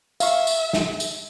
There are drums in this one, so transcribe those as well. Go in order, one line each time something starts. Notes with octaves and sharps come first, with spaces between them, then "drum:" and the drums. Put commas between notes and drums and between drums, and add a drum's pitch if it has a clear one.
E5 F5 C#6, drum: tambourine
drum: tambourine
drum: snare
drum: tambourine